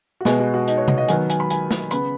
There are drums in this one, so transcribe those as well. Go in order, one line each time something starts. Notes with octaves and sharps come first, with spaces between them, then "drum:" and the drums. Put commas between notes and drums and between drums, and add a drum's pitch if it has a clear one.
F#4
B2 G#3 B3 G#4, drum: snare
F#4
F#4
D#4, drum: hi-hat
C#5
drum: tom C3
D#5
D#3 F#3 B3 G#5, drum: hi-hat
G#5, drum: hi-hat
B5
G#5, drum: hi-hat
drum: snare
C#3 B3 B5, drum: hi-hat